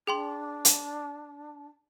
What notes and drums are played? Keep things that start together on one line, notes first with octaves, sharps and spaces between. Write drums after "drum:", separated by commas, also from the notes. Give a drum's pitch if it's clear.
D4 G#4 G5 C6
drum: hi-hat